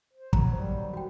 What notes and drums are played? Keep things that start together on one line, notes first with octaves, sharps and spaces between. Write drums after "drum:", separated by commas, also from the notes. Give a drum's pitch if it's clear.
C5
D#3 F#3 A#5, drum: kick
G3
F#4 G5